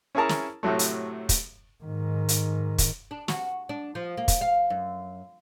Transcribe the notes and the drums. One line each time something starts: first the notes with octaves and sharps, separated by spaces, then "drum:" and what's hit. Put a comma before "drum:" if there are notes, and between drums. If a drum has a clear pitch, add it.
C#4 E4 G#4 A#4 A5 A#5
drum: snare
A2 C3 F#3 A3
drum: hi-hat
drum: kick, hi-hat
G#2 D#3
drum: hi-hat
drum: kick, hi-hat
D4
F#4, drum: snare
D4
F3
A#3
drum: kick, hi-hat
F5
F#2